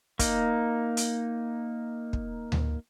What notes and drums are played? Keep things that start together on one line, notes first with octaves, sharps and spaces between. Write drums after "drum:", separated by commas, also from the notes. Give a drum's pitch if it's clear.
A#3 D#4, drum: kick, hi-hat
drum: hi-hat
drum: kick
drum: tom D2